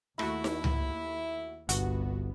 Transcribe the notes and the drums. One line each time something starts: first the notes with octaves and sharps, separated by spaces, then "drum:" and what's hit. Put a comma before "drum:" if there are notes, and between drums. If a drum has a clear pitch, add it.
D#2 A3 E4 F#4, drum: rim click
drum: snare D#4
drum: tom C#2
G1 C2 G2 B3 F#4, drum: hi-hat